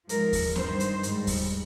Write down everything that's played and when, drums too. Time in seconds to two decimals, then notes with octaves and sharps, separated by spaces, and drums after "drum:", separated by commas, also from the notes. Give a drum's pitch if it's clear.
0.09 G#2 F3 G#3 A#4, drum: hi-hat
0.33 drum: kick D#2, open hi-hat
0.56 G2 D#3 G3 C5, drum: snare C4
0.80 drum: hi-hat
1.03 G#2 G3, drum: hi-hat
1.27 drum: kick D#2, open hi-hat